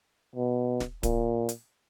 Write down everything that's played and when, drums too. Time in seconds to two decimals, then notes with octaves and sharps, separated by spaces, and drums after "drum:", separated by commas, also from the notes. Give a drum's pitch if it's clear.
0.35 B2
0.80 drum: snare
1.03 A#2, drum: kick D1, hi-hat
1.49 drum: hi-hat